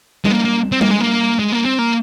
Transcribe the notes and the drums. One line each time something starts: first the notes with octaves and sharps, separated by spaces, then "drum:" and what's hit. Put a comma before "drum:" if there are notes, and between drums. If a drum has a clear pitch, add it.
G#3, drum: tom G3
A#3
A#3
C4
A#3, drum: tom G3
G#3
A#3
G#3
A#3
C4
A#3